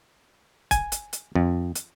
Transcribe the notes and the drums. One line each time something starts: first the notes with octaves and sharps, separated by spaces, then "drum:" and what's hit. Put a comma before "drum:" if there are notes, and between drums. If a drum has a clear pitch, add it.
G#5, drum: kick, hi-hat
drum: hi-hat
drum: hi-hat
F2
drum: hi-hat